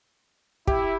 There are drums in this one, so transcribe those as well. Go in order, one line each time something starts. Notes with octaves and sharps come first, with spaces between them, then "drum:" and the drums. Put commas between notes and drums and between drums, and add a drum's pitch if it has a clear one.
E4 G4, drum: kick